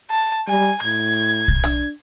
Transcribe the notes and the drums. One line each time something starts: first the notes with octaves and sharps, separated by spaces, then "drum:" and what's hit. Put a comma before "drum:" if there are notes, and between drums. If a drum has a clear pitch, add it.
A5
G3 G#5
A2 G#6
drum: kick B1
D4, drum: rim click